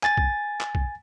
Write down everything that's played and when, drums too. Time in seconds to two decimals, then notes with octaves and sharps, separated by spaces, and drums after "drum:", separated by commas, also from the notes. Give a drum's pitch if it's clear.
0.03 G#5 A6, drum: clap
0.17 drum: kick B1
0.60 drum: clap
0.75 drum: kick B1